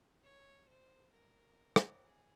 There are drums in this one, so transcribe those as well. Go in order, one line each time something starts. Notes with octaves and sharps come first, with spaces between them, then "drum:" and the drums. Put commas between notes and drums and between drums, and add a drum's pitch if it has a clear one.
C#5
C5
A#4
drum: rim click
G#4